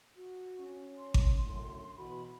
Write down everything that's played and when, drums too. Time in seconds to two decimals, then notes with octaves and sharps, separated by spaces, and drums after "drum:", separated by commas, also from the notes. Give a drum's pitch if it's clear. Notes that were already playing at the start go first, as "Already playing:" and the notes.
0.16 F#4
0.59 C#4
0.98 C6
1.14 drum: kick G#1
1.42 F#2 A2 D3
1.97 B2 E3 F#4 B5